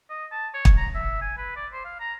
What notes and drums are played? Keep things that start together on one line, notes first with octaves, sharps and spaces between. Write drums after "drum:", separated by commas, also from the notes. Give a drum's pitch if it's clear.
D#5
A5
C#5
drum: kick
A#5
E5
G#5
B4
D5
C5
F5
A#5